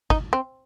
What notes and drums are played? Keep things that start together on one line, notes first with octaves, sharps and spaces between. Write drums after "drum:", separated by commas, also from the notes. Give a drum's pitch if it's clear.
D#4, drum: kick G#1
C4